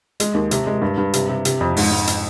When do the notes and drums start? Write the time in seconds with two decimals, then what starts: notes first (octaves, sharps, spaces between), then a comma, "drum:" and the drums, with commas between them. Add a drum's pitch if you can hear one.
0.20 G#3, drum: hi-hat
0.34 D#2
0.51 C3, drum: hi-hat
0.67 G#3
0.82 G2
0.98 G2
1.13 C3, drum: hi-hat
1.29 C3
1.45 C3, drum: hi-hat
1.61 F2
1.77 G#2, drum: open hi-hat
1.92 G#2
2.07 drum: hi-hat